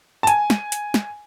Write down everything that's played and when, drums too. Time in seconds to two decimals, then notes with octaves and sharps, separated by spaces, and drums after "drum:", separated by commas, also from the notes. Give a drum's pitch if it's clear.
0.23 A5
0.27 G#5, drum: hi-hat
0.50 drum: snare
0.72 drum: hi-hat
0.94 drum: snare